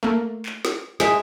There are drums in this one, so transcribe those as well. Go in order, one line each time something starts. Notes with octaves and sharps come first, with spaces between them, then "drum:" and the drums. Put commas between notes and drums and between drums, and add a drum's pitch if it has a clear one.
A3 A#3
drum: clap
drum: snare
G#3 E5, drum: snare